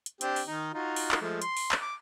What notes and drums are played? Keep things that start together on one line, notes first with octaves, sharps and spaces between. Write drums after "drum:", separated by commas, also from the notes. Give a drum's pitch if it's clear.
drum: hi-hat
C4 D4 G4, drum: hi-hat
drum: open hi-hat
D#3 D#4
D#4 F4 F#4
drum: open hi-hat
drum: clap
F3 G#3 A3
C6, drum: hi-hat
drum: open hi-hat
drum: clap
D6